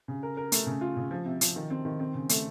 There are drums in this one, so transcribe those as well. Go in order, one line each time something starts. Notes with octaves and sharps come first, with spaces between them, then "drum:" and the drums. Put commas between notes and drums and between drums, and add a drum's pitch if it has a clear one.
C#3
A#4
A#4
A3, drum: hi-hat
C#3
F4
C#3
F3
C3
F3, drum: hi-hat
D#3
C4
D#3
C4
C#3
A3, drum: hi-hat